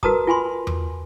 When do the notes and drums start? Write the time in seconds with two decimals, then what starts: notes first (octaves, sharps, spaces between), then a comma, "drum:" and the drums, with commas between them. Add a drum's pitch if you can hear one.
0.03 F#4 A#4 B4 A5 A#5 D#6, drum: kick
0.27 F4 G#5 B5 C6
0.67 drum: tom E2